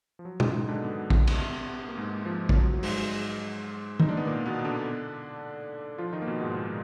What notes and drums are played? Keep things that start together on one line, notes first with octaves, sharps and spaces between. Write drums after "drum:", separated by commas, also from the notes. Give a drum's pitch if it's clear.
F3
F#3
G#2 G#3, drum: tom B2
D#3 D#4
D3 D4
B2 B3
drum: kick A1
drum: cymbal
A#3
G#2 G#3
F3
F3, drum: kick A1
F#3
F#3
G#2 G#3, drum: open hi-hat
D#4, drum: tom D#3
D4
B3
A#2 A#3
B2 B3
D3 D4
F3 F4
D#3 D#4
A#3
B2 B3
G#2 G#3
A#2 A#3